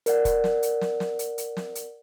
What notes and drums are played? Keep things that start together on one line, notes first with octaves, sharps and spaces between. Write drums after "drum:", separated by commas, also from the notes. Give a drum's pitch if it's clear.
A#4 D5 F#5, drum: hi-hat
drum: kick, hi-hat
drum: snare
drum: hi-hat
drum: snare
drum: snare
drum: hi-hat
drum: hi-hat
drum: snare
drum: hi-hat